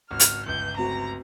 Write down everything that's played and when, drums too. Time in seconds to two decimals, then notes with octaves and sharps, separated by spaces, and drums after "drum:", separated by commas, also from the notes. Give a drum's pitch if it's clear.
0.11 G#1 C#2 F#4 F6
0.20 drum: hi-hat
0.46 G1 C#2 G6
0.77 A3 C4 F#4 A#5